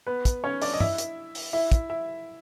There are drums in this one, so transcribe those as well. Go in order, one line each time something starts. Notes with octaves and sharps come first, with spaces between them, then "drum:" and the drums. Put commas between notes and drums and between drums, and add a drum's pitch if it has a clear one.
B3 B4
drum: kick, hi-hat
C#4 C#5
D4 D5, drum: open hi-hat
D#5
E4 E5, drum: tom
drum: hi-hat
drum: open hi-hat
E4 E5
drum: kick, hi-hat
E4 E5